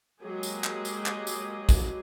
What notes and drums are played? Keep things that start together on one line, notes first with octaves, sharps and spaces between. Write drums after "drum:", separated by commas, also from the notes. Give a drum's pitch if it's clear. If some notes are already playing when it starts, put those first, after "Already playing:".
F#3 G#3 A#3 G4 G#4 D#5
drum: tambourine
drum: clap
drum: tambourine
drum: clap
drum: tambourine
drum: kick A1, tambourine